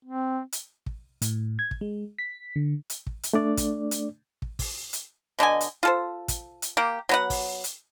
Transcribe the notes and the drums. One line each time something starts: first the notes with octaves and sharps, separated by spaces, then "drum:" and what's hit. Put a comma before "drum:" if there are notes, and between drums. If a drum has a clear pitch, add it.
C4
drum: hi-hat
drum: kick
A2, drum: hi-hat
G#6
drum: kick
G#3
B6
D3
drum: hi-hat
drum: kick
drum: hi-hat
A3 D4 D5
drum: kick, hi-hat
drum: hi-hat
drum: kick
drum: kick, open hi-hat
drum: hi-hat
B2 D3 D#5 G#5
drum: hi-hat
F4 A4 C5
drum: kick, hi-hat
drum: hi-hat
A#3 G4
F#3 B3 F#5
drum: kick, open hi-hat
drum: hi-hat